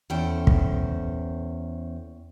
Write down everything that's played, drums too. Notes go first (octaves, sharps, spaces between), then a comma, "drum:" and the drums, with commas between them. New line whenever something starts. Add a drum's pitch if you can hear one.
E2 C#4 A4 C5 G5
drum: kick